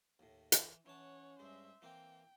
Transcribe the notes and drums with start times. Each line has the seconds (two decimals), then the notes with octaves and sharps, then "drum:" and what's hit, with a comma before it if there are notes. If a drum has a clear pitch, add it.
0.19 D#2 A2
0.52 E3, drum: hi-hat
0.86 E3 C#4 C#5 F#5 A5
1.39 G2 G#3 C5 E5
1.82 E3 A#3 C4 G5